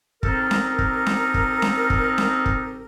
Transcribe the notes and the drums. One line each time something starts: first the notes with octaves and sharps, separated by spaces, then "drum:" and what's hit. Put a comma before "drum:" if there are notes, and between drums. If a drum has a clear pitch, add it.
C4 D#4 G4 A4 A#4, drum: kick
drum: snare C#4
drum: kick
drum: snare C#4
drum: kick
drum: snare C#4
drum: kick
drum: snare C#4
drum: kick